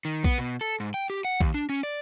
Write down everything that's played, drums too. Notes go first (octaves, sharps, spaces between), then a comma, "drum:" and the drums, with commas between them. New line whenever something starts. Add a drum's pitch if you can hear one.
D#3
B3, drum: kick A#1
B2
A4
G#2
G5
G4
F#5
D#2, drum: kick A#1
D4
C#4
D5